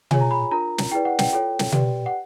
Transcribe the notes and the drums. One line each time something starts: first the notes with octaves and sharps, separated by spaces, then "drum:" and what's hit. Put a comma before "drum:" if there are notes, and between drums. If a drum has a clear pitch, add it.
F4 G#4 C#5 G#5, drum: tom B2
A#5
B5
D4 F4 A#4 A#5
drum: snare
E4 G#4 B4 D5 G5
F#5
G5, drum: snare
F4 A4 C#5 G5
drum: snare
G4 B4 D5, drum: tom B2
F#5